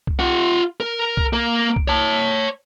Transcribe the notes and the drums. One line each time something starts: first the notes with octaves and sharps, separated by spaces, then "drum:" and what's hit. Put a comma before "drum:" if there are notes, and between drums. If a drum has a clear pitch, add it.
drum: kick C2
F4 F#5
A#4
drum: kick C2
A#3 A#4
drum: kick C2
C#5 A5